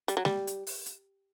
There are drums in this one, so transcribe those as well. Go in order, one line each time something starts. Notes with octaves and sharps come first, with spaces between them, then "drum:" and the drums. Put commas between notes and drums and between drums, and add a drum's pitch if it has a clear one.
G3, drum: hi-hat
F#3
G3, drum: snare G#3
drum: hi-hat
drum: open hi-hat
drum: hi-hat